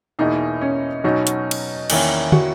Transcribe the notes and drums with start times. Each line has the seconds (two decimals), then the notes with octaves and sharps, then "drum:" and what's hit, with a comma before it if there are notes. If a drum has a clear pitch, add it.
0.19 E2 B2 A#3 D#4 E4 G#4
0.61 C#4
1.04 B2 F#3 C#4 D#4 F#4
1.27 drum: hi-hat
1.51 drum: cymbal
1.90 E2 D#3 A#3 C#4 E4, drum: cymbal
2.32 F#4, drum: tom